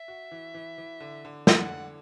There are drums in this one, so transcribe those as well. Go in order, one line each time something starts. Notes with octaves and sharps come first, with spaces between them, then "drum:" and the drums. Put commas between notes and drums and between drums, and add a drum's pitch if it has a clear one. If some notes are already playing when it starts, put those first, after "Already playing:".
Already playing: E5
F#4
E3
E3
E3
D3
D3
D3 F#5, drum: snare